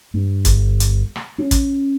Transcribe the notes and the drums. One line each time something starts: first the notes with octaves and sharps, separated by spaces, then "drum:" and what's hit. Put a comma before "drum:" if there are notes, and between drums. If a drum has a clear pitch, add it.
G2
G1, drum: kick, hi-hat
drum: hi-hat
drum: rim click
C#4
drum: kick, hi-hat